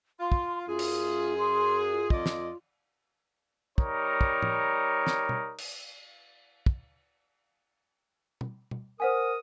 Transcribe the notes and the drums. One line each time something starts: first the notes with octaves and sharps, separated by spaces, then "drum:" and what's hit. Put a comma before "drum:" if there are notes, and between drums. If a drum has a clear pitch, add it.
F4 C6
drum: kick
F#2 F4 G#4
drum: cymbal
C6
F4
F2 D5 D#5, drum: kick
drum: snare
G3 D#4 A#4 C#5, drum: kick
drum: kick
drum: tom A2
drum: snare
drum: tom B2
drum: cymbal
drum: kick
drum: tom B2
drum: tom B2
A#4 C5 F#5 G#5 D#6